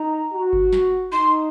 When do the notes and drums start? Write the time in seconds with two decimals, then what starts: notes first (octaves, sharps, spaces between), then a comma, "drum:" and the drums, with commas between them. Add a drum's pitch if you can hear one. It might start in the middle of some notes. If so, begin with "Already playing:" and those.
Already playing: D#4 A#5
0.33 F#4
0.53 drum: kick G1
0.73 drum: snare
1.12 D#4 C6